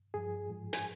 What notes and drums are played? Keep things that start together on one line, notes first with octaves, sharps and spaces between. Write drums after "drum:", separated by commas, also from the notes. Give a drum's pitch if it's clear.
G2 F3 G#4
G#2 F3
G#5, drum: hi-hat